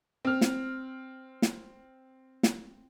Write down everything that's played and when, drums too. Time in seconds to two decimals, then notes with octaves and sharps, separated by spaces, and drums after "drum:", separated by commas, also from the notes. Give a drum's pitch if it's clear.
0.25 C4 F6
0.41 drum: snare
1.42 drum: snare
2.43 drum: snare